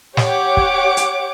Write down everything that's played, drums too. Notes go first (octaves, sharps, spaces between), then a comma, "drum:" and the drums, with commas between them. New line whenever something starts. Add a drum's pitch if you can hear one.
G4 C#5 F#5 D6, drum: snare
drum: kick
drum: hi-hat